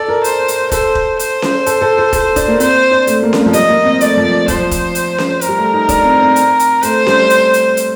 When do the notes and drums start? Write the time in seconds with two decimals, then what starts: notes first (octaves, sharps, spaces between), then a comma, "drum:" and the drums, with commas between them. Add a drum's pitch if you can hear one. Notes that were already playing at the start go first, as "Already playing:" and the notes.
Already playing: A4 D5
0.08 A#4
0.24 C5, drum: hi-hat
0.48 drum: hi-hat
0.72 A4 C5, drum: kick E1, hi-hat
0.95 drum: kick E1
1.19 C5, drum: hi-hat
1.42 drum: snare C#4
1.66 A4, drum: hi-hat
1.81 A4
1.98 A4
2.13 A4, drum: kick E1, hi-hat
2.36 D4, drum: kick E1, hi-hat
2.48 A#3
2.60 C4 C5, drum: hi-hat
2.91 D4
3.07 A3, drum: hi-hat
3.23 A#3
3.33 C4, drum: snare C#4
3.39 A#3
3.46 F3
3.53 G3 D#5, drum: hi-hat
3.69 A#3
3.85 C4
4.01 A3 D5, drum: hi-hat
4.17 F3
4.48 F3 C5, drum: kick E1, hi-hat
4.71 drum: kick E1, hi-hat
4.95 drum: hi-hat
5.18 drum: snare C#4
5.41 A#4, drum: hi-hat
5.48 G3
5.58 A3
5.73 D#4
5.89 D4, drum: kick E1, hi-hat
6.04 C4
6.21 C4
6.36 drum: hi-hat
6.59 drum: hi-hat
6.83 A3 C5, drum: hi-hat
7.07 G3, drum: snare C#4
7.30 drum: hi-hat
7.53 drum: hi-hat
7.77 drum: hi-hat